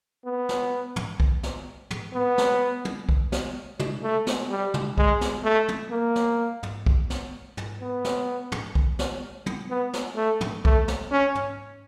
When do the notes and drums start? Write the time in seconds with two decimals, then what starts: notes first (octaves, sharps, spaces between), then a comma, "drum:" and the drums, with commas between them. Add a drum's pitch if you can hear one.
0.25 B3
0.49 drum: snare
0.96 drum: tom
1.20 drum: kick B1
1.43 drum: snare
1.91 drum: tom
2.14 B3
2.38 drum: snare
2.85 drum: tom
3.09 drum: kick B1
3.32 drum: snare
3.79 drum: tom
4.03 A3
4.27 drum: snare
4.50 G3
4.74 drum: tom
4.98 G#3, drum: kick B1
5.21 drum: snare
5.44 A3
5.68 drum: tom
5.91 A#3
6.16 drum: snare
6.63 drum: tom
6.86 drum: kick B1
7.10 drum: snare
7.57 drum: tom
7.81 B3
8.05 drum: snare
8.52 drum: tom
8.75 drum: kick B1
8.99 drum: snare
9.46 drum: tom
9.70 B3
9.93 drum: snare
10.16 A3
10.41 drum: tom
10.65 A3, drum: kick B1
10.88 drum: snare
11.12 C#4
11.35 drum: tom